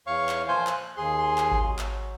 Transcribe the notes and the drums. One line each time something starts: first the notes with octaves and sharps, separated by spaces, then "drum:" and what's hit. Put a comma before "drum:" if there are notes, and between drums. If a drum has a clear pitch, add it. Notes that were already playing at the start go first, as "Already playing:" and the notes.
E2 C#5 F5 C#6
drum: clap
A#2 F3 F4 C5 G#5 G6
F#6, drum: clap
D#2 G#4 C6
drum: clap
drum: kick G#1
F#3
drum: clap